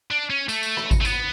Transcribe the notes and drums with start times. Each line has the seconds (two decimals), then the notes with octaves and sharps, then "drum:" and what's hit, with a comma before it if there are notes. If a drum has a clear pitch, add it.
0.11 D4
0.30 C#4
0.49 A3, drum: tambourine
0.63 drum: tambourine
0.77 drum: rim click
0.91 drum: kick G#1, tambourine
1.01 A3
1.05 B3, drum: tambourine